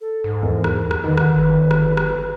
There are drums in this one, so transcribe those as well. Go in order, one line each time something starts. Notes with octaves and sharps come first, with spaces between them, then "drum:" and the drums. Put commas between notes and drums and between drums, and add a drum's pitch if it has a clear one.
A4
G#2
E2 A#4
drum: rim click
drum: rim click
D3 D#3 B4
drum: rim click
G1
drum: rim click
drum: rim click